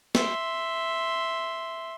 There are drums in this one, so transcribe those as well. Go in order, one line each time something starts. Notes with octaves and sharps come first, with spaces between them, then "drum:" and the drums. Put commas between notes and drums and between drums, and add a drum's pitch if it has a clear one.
E5 C6, drum: snare